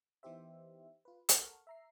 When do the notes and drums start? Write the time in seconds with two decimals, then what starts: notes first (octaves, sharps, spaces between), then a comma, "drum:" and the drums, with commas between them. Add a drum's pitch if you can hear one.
0.23 E3 B3 D#4 G4 C5 E5
1.05 F4 B4
1.29 A4 A#4 F#5 C#6 F6, drum: hi-hat
1.67 E5 A#5 C7